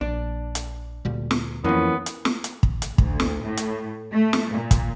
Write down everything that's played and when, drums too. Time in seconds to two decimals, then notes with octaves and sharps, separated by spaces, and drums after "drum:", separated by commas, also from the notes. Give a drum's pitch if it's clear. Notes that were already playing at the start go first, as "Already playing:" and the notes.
0.01 A#1 D4
0.55 drum: hi-hat
1.05 D2 A#2 G3
1.31 drum: snare
1.64 F2 E3 F3 A#3 B3 C#4
2.06 drum: hi-hat
2.25 drum: snare
2.44 drum: hi-hat
2.63 drum: kick
2.82 drum: hi-hat
2.98 D2, drum: kick
3.20 drum: snare
3.43 A2
3.57 drum: hi-hat
4.11 A3
4.33 drum: snare
4.52 A#2
4.71 drum: kick, hi-hat